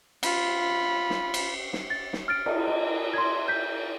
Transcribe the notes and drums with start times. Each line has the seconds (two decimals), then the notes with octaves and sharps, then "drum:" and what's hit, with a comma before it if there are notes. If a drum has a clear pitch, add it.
0.23 F4 B5, drum: cymbal
1.10 drum: snare
1.34 drum: cymbal
1.73 drum: snare
1.90 A6
2.13 drum: snare
2.28 F6 A6 D7
2.46 drum: cymbal
2.67 D#5
3.14 C6 G#6
3.48 G6 B6